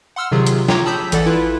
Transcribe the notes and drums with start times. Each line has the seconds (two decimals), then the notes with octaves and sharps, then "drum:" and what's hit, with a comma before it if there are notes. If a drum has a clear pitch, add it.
0.16 F#5 C6 E6 F6
0.31 C3 D#3 F#3 F4 G#4
0.47 drum: hi-hat
0.68 F4 C#5 G5 A#5 C6 D6, drum: snare
0.86 A5 B5 D#6 E6 G6 B6
1.12 A1 E3 A4 D5 F#5 A6, drum: hi-hat
1.26 E4 F4 B4